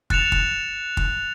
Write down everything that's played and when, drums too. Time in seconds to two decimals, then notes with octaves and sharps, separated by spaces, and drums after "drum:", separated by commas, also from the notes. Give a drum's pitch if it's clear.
0.10 F#6 A6 C#7 E7 F7, drum: kick
0.32 drum: kick
0.97 drum: kick